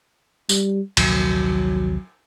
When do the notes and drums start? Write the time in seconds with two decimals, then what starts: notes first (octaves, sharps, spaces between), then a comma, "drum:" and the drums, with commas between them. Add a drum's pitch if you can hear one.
0.49 G3, drum: tambourine
0.97 A#1 D#2 C3 F#3, drum: cymbal